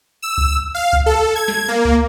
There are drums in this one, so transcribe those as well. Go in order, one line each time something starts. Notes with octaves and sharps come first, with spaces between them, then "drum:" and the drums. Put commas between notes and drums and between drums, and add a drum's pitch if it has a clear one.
E6
drum: kick
F5
drum: kick
A4
G#6
drum: snare
A#3
drum: kick